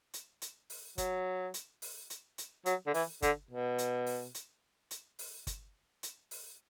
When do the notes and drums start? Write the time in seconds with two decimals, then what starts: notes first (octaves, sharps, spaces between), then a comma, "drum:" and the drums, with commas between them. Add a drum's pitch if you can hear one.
0.14 drum: hi-hat
0.42 drum: hi-hat
0.70 drum: open hi-hat
0.98 F#3, drum: kick G1, hi-hat
1.54 drum: hi-hat
1.82 drum: open hi-hat
2.10 drum: hi-hat
2.38 drum: hi-hat
2.66 F#3, drum: hi-hat
2.87 D3
2.94 E3, drum: open hi-hat
3.22 D3, drum: kick G1, hi-hat
3.51 B2
3.78 drum: hi-hat
4.06 drum: open hi-hat
4.35 drum: hi-hat
4.91 drum: hi-hat
5.19 drum: open hi-hat
5.47 drum: kick G1, hi-hat
6.03 drum: hi-hat
6.31 drum: open hi-hat